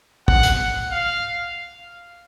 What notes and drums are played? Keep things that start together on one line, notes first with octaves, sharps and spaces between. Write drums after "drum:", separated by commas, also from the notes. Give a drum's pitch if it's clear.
F#5, drum: kick
drum: hi-hat
F5